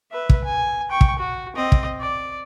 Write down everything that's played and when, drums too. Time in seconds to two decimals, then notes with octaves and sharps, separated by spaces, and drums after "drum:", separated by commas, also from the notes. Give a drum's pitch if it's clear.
0.12 B4 E5
0.30 drum: kick
0.44 G#5
0.90 G5 C#6
1.01 drum: kick
1.19 F#4
1.56 C4 D#5
1.72 drum: kick
2.00 D5